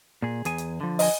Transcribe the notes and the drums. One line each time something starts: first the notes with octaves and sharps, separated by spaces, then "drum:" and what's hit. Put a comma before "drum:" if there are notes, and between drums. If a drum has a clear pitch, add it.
A#2 G#4
E2 G#4 G#5, drum: hi-hat
drum: hi-hat
D3 F3
D#5 G#5, drum: open hi-hat